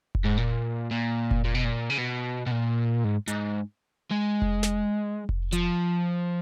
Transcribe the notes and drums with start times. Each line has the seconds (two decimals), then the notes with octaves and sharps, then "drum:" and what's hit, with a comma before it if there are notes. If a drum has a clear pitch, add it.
0.15 drum: kick F1
0.24 G#2
0.37 A#2
0.91 A#2
1.31 drum: kick F1
1.44 A#2
1.54 B2
1.64 A#2
1.90 C#3
1.98 B2
2.46 B2
2.51 A#2
3.04 G#2
3.28 G#2, drum: hi-hat
4.11 G#3
4.42 drum: kick F1
4.63 drum: snare
5.29 drum: kick F1
5.52 F3, drum: hi-hat